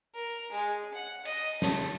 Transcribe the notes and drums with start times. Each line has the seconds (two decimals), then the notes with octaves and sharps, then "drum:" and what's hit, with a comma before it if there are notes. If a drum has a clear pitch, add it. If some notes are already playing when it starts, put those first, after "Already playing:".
0.15 A#4
0.52 G#3
0.94 F#5
1.25 D#5, drum: cymbal
1.62 A3, drum: snare